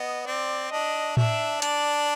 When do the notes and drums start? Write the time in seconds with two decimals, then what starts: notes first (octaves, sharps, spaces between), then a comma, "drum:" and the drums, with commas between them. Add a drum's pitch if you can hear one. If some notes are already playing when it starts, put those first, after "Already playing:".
Already playing: B3 D#5
0.27 C4 D5
0.71 D4 D#5
1.17 D4 E5, drum: tom A2
1.62 D4 D5, drum: hi-hat